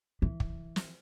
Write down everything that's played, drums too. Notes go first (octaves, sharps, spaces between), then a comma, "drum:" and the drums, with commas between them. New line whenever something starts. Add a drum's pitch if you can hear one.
E3
drum: kick
drum: snare